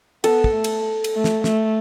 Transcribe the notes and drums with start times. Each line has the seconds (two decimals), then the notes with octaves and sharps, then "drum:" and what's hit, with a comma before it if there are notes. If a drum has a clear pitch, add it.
0.24 B3 A4, drum: cymbal
0.44 drum: kick
0.54 A3
0.64 drum: cymbal
1.04 drum: cymbal
1.15 A3
1.24 drum: snare
1.44 A3, drum: snare